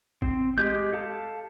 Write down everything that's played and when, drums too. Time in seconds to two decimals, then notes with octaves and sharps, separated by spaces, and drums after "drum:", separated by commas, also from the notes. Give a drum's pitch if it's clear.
0.22 C4, drum: kick
0.58 G#3 G4 D#5 G6, drum: tom
0.93 A4 F5 A5